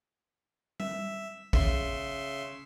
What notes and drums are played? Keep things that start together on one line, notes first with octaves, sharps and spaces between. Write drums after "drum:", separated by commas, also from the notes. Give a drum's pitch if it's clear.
E5, drum: tom G3
C#3 E5 C6, drum: kick